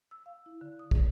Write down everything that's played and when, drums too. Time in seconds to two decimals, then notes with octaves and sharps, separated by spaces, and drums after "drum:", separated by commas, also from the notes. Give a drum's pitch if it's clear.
0.11 E6
0.26 F5
0.46 E4
0.61 D3
0.79 D#6
0.91 G#4, drum: kick